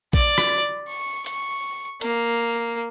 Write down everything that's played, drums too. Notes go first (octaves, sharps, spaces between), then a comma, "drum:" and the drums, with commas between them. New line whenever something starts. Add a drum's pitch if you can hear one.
D5, drum: kick A#1
drum: rim click
C#6
C#6, drum: hi-hat
A#3, drum: hi-hat